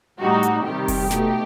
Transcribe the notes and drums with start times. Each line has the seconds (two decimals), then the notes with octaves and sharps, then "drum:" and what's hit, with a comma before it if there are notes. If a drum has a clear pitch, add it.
0.20 A2 G3 D#4 F#4
0.43 drum: hi-hat
0.66 C3 D#3 G3 G4
0.88 drum: kick F1, open hi-hat
1.11 B2 A3 D#4, drum: snare